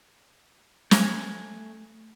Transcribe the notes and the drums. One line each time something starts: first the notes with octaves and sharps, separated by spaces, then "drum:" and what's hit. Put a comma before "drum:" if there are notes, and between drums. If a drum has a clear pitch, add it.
A3 G#5, drum: snare